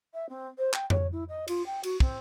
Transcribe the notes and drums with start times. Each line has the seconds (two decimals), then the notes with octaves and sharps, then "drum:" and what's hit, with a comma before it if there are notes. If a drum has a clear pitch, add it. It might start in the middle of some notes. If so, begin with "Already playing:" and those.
0.13 E5
0.29 C4
0.58 C5
0.73 G5, drum: clap
0.90 C#5, drum: tom F2
1.12 E4
1.29 D#5
1.48 F4, drum: cymbal
1.66 G5
1.83 F#4, drum: cymbal
2.00 C4, drum: kick